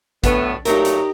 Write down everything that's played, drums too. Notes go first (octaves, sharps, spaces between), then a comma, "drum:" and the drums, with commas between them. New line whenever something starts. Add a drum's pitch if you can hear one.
F#2 A2 A3 B3 D4, drum: kick, hi-hat
A#2 F#3 A3 D#4 G4 A#4, drum: hi-hat
drum: hi-hat